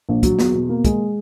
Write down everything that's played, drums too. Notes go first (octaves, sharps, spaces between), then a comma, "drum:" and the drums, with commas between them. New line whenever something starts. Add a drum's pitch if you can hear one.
A#1
F#3, drum: kick, hi-hat
E2, drum: snare
B2
A#3
G#3, drum: kick, hi-hat